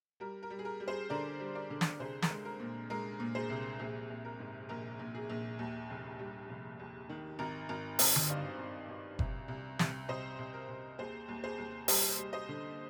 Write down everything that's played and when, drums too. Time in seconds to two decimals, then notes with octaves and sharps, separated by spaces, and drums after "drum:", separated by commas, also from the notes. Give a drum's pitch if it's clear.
0.20 G3 A#4
0.43 A#4
0.50 G3
0.59 G#4
0.65 A#4
0.80 G3
0.88 G#4 C5
1.10 D3 A#4 D5
1.40 G3
1.55 A#4 D5
1.70 D3
1.81 drum: snare
1.99 C2 G#4 C5
2.22 A#4, drum: snare
2.30 G#3
2.45 A#4
2.60 A#2
2.90 G#3 A#4
3.20 A#2
3.35 G#4 C5
3.50 C2
3.79 A#1 G#4
4.10 A#1
4.25 A#4
4.40 G#2
4.69 A#1 A#4
4.99 A#1
5.15 G#4
5.30 A#1
5.59 D#2
5.90 F1
6.19 G3
6.49 F1
6.79 D#2
7.09 D#3
7.39 G#1 A#4
7.69 G#1 A#4
7.99 G#1 C5 D#5, drum: open hi-hat
8.16 drum: tom D3
8.29 G2 D5 F5
8.59 G#1
8.88 G#1
9.19 C2, drum: kick F#1
9.48 C2
9.79 C2, drum: snare
10.08 C2 C5 D#5
10.39 C2
10.54 A#4
10.68 C2
10.98 D#2 G#4 C5
11.28 D#2
11.44 G#4 C5
11.58 D#2
11.88 G3 C5 D#5, drum: open hi-hat
12.18 G3
12.33 C5 D#5
12.49 D3